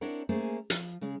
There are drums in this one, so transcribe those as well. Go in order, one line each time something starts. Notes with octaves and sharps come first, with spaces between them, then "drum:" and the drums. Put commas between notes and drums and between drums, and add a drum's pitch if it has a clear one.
C4 D4 E4 A#4 C#5 F#5
A3 A#3 C#4 G#4 C5 G#5
F3, drum: hi-hat
C#3 G#3 G#4